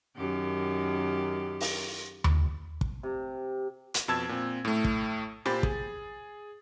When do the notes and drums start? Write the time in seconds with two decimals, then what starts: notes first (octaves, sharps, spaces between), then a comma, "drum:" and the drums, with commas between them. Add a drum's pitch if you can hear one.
0.17 F#2 D#3 G4
1.61 drum: open hi-hat
2.24 drum: tom D#2
2.81 drum: kick
3.03 C3
3.94 drum: hi-hat
4.08 F2 B2 A5 E6 G#6
4.29 A#2 C4
4.65 A2 A3
4.85 drum: kick
5.46 A#2 G4 C5 B5 A6, drum: snare
5.63 G#4, drum: kick